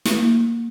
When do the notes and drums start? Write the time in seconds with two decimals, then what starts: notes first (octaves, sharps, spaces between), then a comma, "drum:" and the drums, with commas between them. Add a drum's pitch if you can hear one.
0.05 drum: snare
0.16 A#3